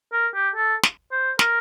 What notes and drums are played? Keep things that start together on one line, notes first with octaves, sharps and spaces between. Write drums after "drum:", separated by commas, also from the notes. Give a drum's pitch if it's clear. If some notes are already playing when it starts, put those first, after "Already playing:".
A#4
G4
A4
drum: snare
C5
A#4, drum: snare